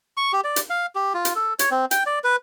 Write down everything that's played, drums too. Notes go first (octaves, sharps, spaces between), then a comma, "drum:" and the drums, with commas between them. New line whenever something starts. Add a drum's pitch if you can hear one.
C#6
G4
D5
drum: hi-hat
F5
G4
F4
drum: hi-hat
A4
C#5, drum: hi-hat
C4
G5, drum: hi-hat
D5
B4